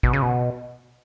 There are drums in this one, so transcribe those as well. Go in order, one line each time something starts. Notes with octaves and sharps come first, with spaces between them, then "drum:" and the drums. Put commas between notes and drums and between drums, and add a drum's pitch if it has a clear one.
B2, drum: kick
C#3
B2